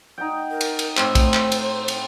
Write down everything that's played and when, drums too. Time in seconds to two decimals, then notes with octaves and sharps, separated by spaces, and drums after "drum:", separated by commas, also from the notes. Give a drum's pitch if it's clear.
0.18 D#4 F#5 G5
0.51 A#4
0.61 drum: cymbal
0.79 drum: cymbal
0.97 A2 C4 C5, drum: clap
1.15 drum: kick, cymbal
1.34 drum: clap
1.52 drum: cymbal
1.88 drum: cymbal